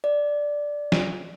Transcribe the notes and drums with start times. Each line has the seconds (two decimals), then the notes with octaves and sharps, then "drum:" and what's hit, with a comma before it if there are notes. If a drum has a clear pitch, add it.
0.04 D5
0.92 drum: snare